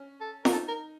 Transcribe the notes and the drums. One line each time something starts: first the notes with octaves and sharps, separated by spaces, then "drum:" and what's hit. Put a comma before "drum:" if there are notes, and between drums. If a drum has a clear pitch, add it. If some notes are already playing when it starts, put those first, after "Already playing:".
Already playing: C#4
A4
A#4, drum: snare F4
D#4 A4
A#4